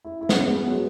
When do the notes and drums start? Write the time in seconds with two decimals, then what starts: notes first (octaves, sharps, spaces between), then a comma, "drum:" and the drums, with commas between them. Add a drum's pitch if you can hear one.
0.05 E4
0.21 E4
0.29 C#4, drum: snare
0.38 B3
0.46 G#3
0.55 B3
0.66 F#3
0.72 G#3